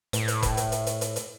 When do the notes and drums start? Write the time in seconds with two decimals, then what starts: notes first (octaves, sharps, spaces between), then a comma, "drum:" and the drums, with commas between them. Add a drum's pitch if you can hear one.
0.13 A2, drum: hi-hat
0.28 drum: hi-hat
0.43 drum: kick F1, hi-hat
0.57 drum: hi-hat
0.72 drum: hi-hat
0.87 drum: hi-hat
1.01 drum: hi-hat
1.16 drum: hi-hat